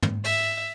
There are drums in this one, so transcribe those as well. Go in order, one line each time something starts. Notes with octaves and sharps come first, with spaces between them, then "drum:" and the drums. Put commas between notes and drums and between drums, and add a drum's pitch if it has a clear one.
drum: tom
E5, drum: open hi-hat